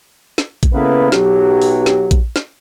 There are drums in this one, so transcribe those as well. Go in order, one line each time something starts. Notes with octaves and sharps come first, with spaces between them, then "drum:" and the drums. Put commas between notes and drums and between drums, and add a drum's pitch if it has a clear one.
drum: snare
drum: kick A#1, hi-hat
C#3 A#3 B3 E4 A4 B4
B1 F#3 G4, drum: snare
drum: open hi-hat
drum: snare
drum: kick A#1, hi-hat
drum: snare